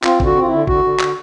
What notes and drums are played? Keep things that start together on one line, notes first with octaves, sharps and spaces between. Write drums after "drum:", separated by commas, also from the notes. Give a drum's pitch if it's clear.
C4 F4, drum: clap
D3, drum: kick
F#4
C4
F4
E4
D3
D3 F#4, drum: kick
D3
D3, drum: clap